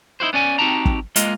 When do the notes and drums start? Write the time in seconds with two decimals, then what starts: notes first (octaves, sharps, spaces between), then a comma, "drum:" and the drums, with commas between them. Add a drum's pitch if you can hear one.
0.20 D#4 E4 F#4 C5
0.33 B3 C#4 D5 G#5
0.59 C4 D#4 F#4 G4 A5 A#5
0.85 drum: kick
1.16 G#3 A#3 F4 D#5, drum: hi-hat